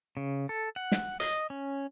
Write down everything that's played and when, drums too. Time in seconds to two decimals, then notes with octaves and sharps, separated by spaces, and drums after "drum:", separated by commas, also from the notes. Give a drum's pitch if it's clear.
0.17 C#3
0.49 A4
0.76 F#5
0.92 drum: snare
1.20 D#5, drum: hi-hat
1.50 C#4